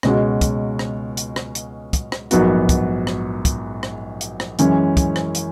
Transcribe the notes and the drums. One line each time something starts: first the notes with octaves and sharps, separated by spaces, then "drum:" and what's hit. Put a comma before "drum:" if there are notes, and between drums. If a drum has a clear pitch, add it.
C#2 B2 G#3 C#4 F#4, drum: rim click
drum: kick, hi-hat
drum: rim click
drum: hi-hat
drum: rim click
drum: hi-hat
drum: kick, hi-hat
drum: rim click
A#1 G#2 F#3 B3 F#4, drum: hi-hat
drum: kick, hi-hat
drum: rim click
drum: kick, hi-hat
drum: rim click
drum: hi-hat
drum: rim click
F#2 E3 G#3 C#4, drum: hi-hat
drum: kick, hi-hat
drum: rim click
drum: hi-hat